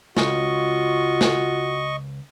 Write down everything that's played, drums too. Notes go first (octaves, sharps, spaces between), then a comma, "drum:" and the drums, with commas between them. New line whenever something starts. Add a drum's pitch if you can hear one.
C#2 F4 F#4 D#5 C#6, drum: snare
drum: snare